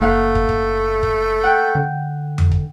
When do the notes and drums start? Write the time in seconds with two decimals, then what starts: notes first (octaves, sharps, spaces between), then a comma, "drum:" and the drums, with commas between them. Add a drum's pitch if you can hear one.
0.01 F#1 A3 A#3 F5 F#5
0.35 drum: kick
0.49 drum: kick
1.03 drum: kick
1.43 F#5 G5
1.75 D3
2.38 drum: tom F2
2.52 drum: kick